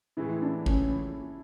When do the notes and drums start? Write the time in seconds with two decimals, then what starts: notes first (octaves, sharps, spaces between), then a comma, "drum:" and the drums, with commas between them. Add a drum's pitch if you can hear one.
0.17 A2 E3 G#3 E4
0.42 D4
0.66 C#4, drum: kick